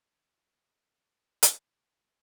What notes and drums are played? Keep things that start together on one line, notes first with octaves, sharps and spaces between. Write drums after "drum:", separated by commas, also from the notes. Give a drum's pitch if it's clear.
A5
A#5
A5
D6
drum: hi-hat